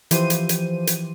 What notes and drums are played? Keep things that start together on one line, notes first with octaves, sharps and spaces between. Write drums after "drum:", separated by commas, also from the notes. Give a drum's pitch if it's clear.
E3 F3 G4 C5 D#7, drum: hi-hat
drum: hi-hat
drum: hi-hat
drum: hi-hat